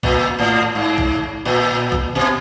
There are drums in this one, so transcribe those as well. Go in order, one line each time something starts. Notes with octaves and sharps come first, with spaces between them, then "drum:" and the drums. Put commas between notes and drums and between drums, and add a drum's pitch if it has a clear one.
A#2, drum: kick A#1
A2
G#2
drum: kick A#1
A#2
drum: kick A#1
B2